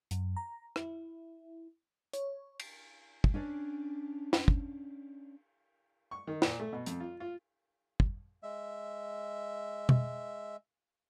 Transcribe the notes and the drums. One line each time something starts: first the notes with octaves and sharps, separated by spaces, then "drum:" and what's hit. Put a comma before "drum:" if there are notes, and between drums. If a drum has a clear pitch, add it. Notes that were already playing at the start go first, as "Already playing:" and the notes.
F#2, drum: hi-hat
A#5
E4, drum: rim click
C#5, drum: hi-hat
drum: cymbal
drum: kick
C#4 D4 C#5 D5
drum: snare
drum: kick
C#6
D#3
A#2, drum: snare
A3
B2
F2, drum: hi-hat
F4
F4
drum: kick
G#3 E5
drum: tom B2